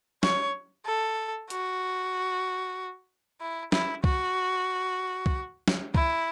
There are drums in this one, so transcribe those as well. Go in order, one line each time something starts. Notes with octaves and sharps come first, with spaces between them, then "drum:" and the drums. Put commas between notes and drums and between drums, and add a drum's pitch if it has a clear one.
C#5, drum: snare
A4
F#4, drum: hi-hat
E4
E4, drum: snare
F#4, drum: kick C2
drum: kick C2
drum: snare
E4, drum: kick C2